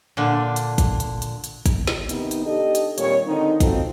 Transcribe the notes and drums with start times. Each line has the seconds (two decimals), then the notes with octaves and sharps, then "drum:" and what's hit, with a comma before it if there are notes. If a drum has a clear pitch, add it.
0.17 A#2 D3 D4
0.56 drum: hi-hat
0.78 drum: kick, hi-hat
1.00 drum: hi-hat
1.22 drum: hi-hat
1.44 drum: hi-hat
1.66 drum: kick, hi-hat
1.87 drum: snare
2.09 C3 D#3 B3 D#4, drum: hi-hat
2.31 drum: hi-hat
2.45 D4 D#4 G4 A4 D#5
2.75 drum: hi-hat
2.98 A#2 D#3 G3 C4 C#5, drum: hi-hat
3.27 D3 D#3 C4 D#4
3.60 C4 D#4 F4 F#4 A4, drum: kick, hi-hat